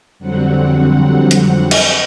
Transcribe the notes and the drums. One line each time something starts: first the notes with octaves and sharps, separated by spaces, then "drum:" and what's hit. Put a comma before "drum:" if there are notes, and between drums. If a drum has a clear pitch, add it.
F2 D3 F#3 G3 C4 F#5
drum: hi-hat
drum: cymbal